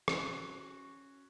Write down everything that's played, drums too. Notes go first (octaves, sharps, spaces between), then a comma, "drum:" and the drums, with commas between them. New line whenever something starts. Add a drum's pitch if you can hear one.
C#4 F#4, drum: rim click